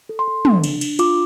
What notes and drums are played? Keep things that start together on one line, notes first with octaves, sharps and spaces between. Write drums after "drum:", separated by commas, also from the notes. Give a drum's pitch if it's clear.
A4
C6
A4
D4, drum: tom
D4, drum: cymbal
D4, drum: cymbal
F4 D6, drum: cymbal